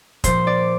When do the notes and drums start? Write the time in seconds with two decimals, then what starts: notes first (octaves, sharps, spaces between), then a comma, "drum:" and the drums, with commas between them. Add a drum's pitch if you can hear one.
0.24 A#2 F3 C5, drum: kick, hi-hat
0.47 D5